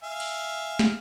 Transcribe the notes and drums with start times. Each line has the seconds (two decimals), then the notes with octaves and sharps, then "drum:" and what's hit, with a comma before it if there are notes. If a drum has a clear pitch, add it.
0.03 E5 F5 G#5
0.20 drum: cymbal
0.79 drum: snare